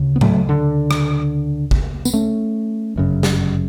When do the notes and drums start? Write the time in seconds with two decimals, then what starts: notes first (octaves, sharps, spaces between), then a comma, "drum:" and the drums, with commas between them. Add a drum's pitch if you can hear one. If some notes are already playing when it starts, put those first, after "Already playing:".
Already playing: D2 C#3
0.16 B3
0.21 F#3 A3, drum: tom A2
0.49 D3
0.91 drum: rim click
1.71 drum: kick
2.05 B3, drum: tambourine
2.13 A3 C#4
2.96 G1 F#2 C#3
3.23 drum: snare